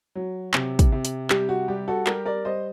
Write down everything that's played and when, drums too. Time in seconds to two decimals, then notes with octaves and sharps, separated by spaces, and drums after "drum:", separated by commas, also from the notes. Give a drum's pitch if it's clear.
0.15 F#3
0.53 C3, drum: clap
0.79 drum: kick, hi-hat
0.92 C3
1.05 drum: hi-hat
1.30 G3 G4, drum: clap
1.49 F#4
1.68 G3 G4
1.88 F#4 A4
2.06 G3 G4 A#4, drum: clap
2.25 A#4 D5
2.45 G3 C5 D#5